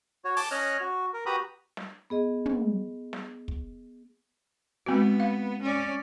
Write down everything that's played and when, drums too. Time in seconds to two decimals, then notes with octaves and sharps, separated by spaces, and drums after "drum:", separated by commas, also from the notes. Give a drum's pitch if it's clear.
0.25 F#4 C#5
0.37 A5 D6, drum: open hi-hat
0.51 C#4 C#5 D#5 F6 F#6
0.81 F#4
1.13 A#4
1.26 F#4 G4 B4 A#5 B5 D#6
1.77 drum: snare
2.10 B3 G#4 D#5
2.46 drum: tom
3.13 drum: snare
3.48 drum: kick
4.86 G#3 B3 C4 F#4
5.20 F5
5.62 C#4 D5